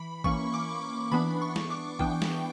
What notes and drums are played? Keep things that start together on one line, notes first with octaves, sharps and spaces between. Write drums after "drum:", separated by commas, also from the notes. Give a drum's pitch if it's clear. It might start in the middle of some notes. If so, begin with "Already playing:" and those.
Already playing: E3 B5
E3 A#3 C#4 C#6, drum: kick
D6
E3 B3 D4 B5
C#6
drum: snare
D6
E3 B3 D4 G5, drum: kick
drum: snare